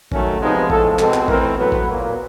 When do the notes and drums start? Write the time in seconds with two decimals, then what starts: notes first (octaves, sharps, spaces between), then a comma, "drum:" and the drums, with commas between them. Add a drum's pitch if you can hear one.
0.12 D#3 F#3 A3 C#4, drum: kick
0.41 C3 F3 G#3 B3 D#4
0.70 A2 F3 G#3 A4, drum: kick
0.99 B2 G#3 C4 A4, drum: clap
1.14 drum: clap
1.28 E3 A3 C4 A#4, drum: kick
1.57 A2 F#3 B3 B4
1.72 drum: kick
1.87 A#2 F#3 A#3